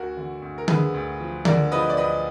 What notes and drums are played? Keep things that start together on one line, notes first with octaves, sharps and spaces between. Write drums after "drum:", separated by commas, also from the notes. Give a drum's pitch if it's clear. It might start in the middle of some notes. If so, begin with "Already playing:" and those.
Already playing: D2 F#4 A#4
D3
D2
A#4
D3 G#4 B4, drum: tom D3
D2
F3
D3 A#4 D5, drum: tom D3
F3 B4 D#5
D5
D2 B4 D#5